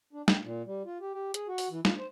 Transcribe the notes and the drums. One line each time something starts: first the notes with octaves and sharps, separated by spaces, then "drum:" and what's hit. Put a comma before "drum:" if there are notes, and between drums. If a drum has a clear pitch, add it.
D4
G5, drum: snare
A#2
G3
F4
G4
G4
G#4, drum: hi-hat
F#4
drum: open hi-hat
E3
F4, drum: snare
C5